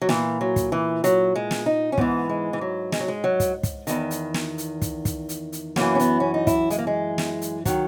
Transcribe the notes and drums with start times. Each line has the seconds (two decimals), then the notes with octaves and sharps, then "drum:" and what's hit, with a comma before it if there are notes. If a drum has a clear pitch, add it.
0.02 F#3
0.09 A#2 E3, drum: snare
0.41 F#3
0.56 drum: kick, hi-hat
0.72 E3
1.04 F#3, drum: hi-hat
1.35 G#3
1.51 drum: snare
1.66 D#4
1.92 C#4
1.98 G#2 E3 B3, drum: kick
2.29 G#3
2.53 E3
2.61 F#3
2.92 G#3, drum: snare
3.00 F#3
3.08 G#3
3.24 F#3
3.40 drum: kick, hi-hat
3.63 drum: kick, hi-hat
3.87 E2 D#3, drum: hi-hat
4.11 drum: hi-hat
4.34 drum: snare
4.58 drum: hi-hat
4.82 drum: kick, hi-hat
5.05 drum: kick, hi-hat
5.29 drum: hi-hat
5.52 drum: hi-hat
5.76 F#2 E3 A#3, drum: snare
5.95 C#4
6.00 B3, drum: hi-hat
6.20 C#4
6.34 D#4
6.47 E4, drum: kick, hi-hat
6.70 G#3, drum: hi-hat
6.78 A#3
6.87 G#3
7.18 drum: snare
7.42 drum: hi-hat
7.65 D#3 F#3, drum: kick, hi-hat